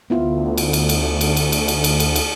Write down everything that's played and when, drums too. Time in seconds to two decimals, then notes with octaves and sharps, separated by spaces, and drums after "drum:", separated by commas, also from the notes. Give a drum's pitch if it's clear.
0.10 D2 B3 E4 F4
0.58 drum: cymbal
0.73 drum: cymbal
0.89 drum: cymbal
1.21 drum: cymbal
1.37 drum: cymbal
1.52 drum: cymbal
1.68 drum: cymbal
1.84 drum: cymbal
2.00 drum: cymbal
2.16 drum: cymbal